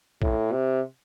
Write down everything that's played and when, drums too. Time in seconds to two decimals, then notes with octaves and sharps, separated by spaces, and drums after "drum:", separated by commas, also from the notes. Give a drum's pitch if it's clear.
0.22 A2, drum: kick A#1
0.52 C3